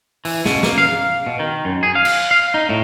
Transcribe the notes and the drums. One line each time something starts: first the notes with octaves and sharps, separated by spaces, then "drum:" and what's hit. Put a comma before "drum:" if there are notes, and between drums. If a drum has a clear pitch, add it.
E3, drum: open hi-hat
B2, drum: snare
A#3, drum: snare
F5
B2
D#3
F#2
G#4
F5
drum: cymbal
F5
D#4
A2